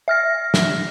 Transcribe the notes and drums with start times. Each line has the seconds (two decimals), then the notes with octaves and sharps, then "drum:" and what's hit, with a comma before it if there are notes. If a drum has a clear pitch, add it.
0.08 E5 F6 A#6
0.54 drum: snare